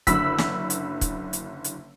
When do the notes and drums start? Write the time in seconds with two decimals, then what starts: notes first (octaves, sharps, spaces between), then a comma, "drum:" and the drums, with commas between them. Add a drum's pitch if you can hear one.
0.07 F#1 D3 B5 E6 B6, drum: kick, hi-hat
0.38 drum: snare
0.70 drum: hi-hat
1.01 drum: kick, hi-hat
1.33 drum: hi-hat
1.64 drum: hi-hat